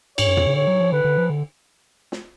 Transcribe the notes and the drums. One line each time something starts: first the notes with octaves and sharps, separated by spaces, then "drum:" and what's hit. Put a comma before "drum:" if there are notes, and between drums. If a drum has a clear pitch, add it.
G#2 C#5, drum: cymbal
F#2
F2, drum: tom
C#3
D3 C#5
F#3
F3
D3 B4
D3
F3
D3
drum: snare